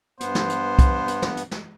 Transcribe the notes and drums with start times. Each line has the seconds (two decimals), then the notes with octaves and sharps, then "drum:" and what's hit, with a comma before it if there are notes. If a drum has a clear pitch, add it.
0.20 G2 B3 C5, drum: hi-hat
0.35 drum: snare
0.50 drum: hi-hat
0.79 drum: kick, hi-hat
1.08 drum: hi-hat
1.22 drum: snare
1.37 drum: hi-hat
1.51 drum: snare